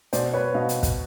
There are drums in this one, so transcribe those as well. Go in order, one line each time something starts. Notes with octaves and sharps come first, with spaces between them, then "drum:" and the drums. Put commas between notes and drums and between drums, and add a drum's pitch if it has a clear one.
B2 C5 D5, drum: hi-hat
B4 C#5
B2 D#5 F5
drum: hi-hat
drum: kick, hi-hat